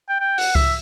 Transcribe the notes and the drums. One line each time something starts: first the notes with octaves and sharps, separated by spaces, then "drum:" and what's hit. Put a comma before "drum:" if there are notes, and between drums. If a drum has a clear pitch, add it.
G5
G5
F#5, drum: open hi-hat
E5, drum: kick C#2